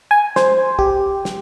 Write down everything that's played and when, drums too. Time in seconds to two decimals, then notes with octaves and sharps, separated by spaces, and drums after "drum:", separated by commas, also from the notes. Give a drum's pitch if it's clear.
0.11 G#5
0.36 C5, drum: snare
0.79 G4, drum: kick
1.25 drum: snare